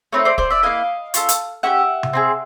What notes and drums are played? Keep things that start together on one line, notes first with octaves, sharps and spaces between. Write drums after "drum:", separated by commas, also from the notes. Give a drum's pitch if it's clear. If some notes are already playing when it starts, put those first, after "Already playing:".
A3 C4 D#4 B4 C#5
C5 D5
C5 D5, drum: kick
D5 E5
A#3 C#4 E4 D#5 F5
C#4 F4 A4, drum: hi-hat
drum: hi-hat
C#4 E4 G4 E5 F#5
drum: tom C3
C4 D#4 G#4